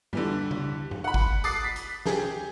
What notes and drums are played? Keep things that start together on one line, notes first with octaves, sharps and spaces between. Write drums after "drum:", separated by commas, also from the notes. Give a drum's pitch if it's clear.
D3 E3 G3, drum: tom G2
drum: tom C#3
drum: tom G2
F#5 B5
drum: kick G#1
D6 D#6 F#6 A6 C7, drum: tambourine
B6
drum: hi-hat
G4 G#4, drum: snare